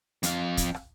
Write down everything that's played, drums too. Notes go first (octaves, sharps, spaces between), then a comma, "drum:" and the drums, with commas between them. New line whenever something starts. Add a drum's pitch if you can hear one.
F2 F5, drum: hi-hat
drum: kick, hi-hat
drum: rim click